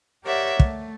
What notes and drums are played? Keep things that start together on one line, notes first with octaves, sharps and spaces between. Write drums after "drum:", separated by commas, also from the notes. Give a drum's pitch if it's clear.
G4 A#4 C#5 D5 E5 F#5
A3, drum: kick